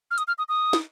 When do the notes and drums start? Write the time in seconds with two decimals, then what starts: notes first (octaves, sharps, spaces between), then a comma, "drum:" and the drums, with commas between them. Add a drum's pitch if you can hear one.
0.11 F6
0.18 D#6, drum: hi-hat
0.28 F6
0.38 D#6
0.49 D#6
0.73 drum: snare